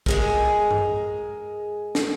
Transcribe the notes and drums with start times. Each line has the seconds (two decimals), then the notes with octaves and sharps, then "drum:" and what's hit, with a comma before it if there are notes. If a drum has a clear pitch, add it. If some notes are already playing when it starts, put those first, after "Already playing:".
0.06 G#3 G#4 A#4, drum: kick
0.71 drum: tom G2
1.95 drum: snare